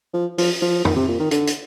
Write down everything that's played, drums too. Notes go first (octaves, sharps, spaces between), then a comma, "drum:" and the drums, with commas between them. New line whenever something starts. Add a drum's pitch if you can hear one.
F3
F3, drum: open hi-hat
F3
D#3, drum: tom
C3
A#2
D#3
D3, drum: hi-hat
drum: hi-hat